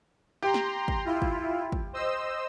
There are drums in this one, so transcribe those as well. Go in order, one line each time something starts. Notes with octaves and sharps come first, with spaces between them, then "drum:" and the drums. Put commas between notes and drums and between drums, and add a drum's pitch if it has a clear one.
G4 A#5 C6
drum: snare
drum: kick
E4 F4
drum: kick
drum: kick
C5 D#5 E6